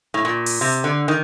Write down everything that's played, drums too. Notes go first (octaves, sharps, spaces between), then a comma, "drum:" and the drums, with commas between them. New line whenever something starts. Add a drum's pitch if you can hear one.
A2
A#2
drum: open hi-hat
C3
D3
D#3